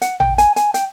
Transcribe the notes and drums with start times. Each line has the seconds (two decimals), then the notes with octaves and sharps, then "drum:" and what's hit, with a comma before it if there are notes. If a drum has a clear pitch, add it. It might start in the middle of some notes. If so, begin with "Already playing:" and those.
0.02 F#5, drum: hi-hat
0.20 G5, drum: tom A1
0.38 G#5, drum: hi-hat
0.56 G#5, drum: hi-hat
0.74 G5, drum: hi-hat